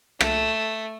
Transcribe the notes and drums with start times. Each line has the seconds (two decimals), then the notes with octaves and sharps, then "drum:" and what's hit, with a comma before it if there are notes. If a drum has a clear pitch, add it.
0.21 A3, drum: rim click